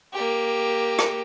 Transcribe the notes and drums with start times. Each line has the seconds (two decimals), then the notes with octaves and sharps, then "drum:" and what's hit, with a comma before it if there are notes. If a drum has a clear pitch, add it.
0.13 A#3 G4
0.99 drum: rim click